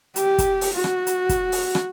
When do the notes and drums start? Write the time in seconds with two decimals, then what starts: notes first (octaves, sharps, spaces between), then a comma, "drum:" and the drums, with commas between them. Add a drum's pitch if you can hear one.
0.16 G4, drum: hi-hat
0.38 drum: kick, hi-hat
0.61 drum: open hi-hat
0.73 F#4
0.84 drum: rim click
1.07 drum: hi-hat
1.29 drum: kick, hi-hat
1.52 drum: open hi-hat
1.75 drum: rim click